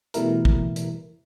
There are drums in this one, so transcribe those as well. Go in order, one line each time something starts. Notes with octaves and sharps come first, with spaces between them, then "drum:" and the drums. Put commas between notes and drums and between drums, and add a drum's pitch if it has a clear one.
B2 E3 G3 A3 E4 A#4, drum: hi-hat
drum: kick
drum: hi-hat